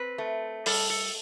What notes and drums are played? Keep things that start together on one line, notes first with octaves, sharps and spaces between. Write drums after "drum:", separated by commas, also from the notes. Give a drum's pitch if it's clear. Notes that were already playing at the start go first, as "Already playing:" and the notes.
Already playing: C4 B4
A3
G3 A4, drum: open hi-hat
A4